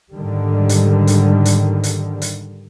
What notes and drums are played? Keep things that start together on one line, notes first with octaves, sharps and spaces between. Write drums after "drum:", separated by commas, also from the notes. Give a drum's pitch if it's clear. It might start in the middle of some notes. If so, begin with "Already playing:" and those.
G#2 D3 D#3 G3
drum: hi-hat
drum: hi-hat
drum: hi-hat
drum: hi-hat
drum: hi-hat